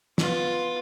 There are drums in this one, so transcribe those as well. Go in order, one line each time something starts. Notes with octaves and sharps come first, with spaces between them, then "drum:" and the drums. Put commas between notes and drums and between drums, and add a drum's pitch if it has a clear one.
B3 F4, drum: snare